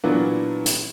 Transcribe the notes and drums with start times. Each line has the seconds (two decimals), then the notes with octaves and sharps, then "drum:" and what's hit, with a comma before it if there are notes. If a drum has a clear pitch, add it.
0.04 A#2 E3 F#3 A#3 B3 D4
0.66 drum: hi-hat